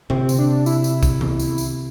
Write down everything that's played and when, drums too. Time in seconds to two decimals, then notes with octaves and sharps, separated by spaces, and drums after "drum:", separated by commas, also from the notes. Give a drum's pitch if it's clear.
0.10 C3 C4, drum: tom D3
0.29 drum: tambourine
0.39 D4
0.66 E4, drum: tambourine
0.84 drum: tambourine
1.03 drum: kick C2, tambourine
1.21 drum: tom D#3
1.39 drum: tambourine
1.58 drum: tambourine